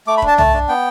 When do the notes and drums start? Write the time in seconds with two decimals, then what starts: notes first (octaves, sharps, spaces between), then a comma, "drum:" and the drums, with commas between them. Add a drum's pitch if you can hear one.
0.07 A3 D6
0.17 B5
0.22 D4, drum: kick
0.28 A5
0.38 A3 A5, drum: tom
0.54 D4
0.69 B3 G5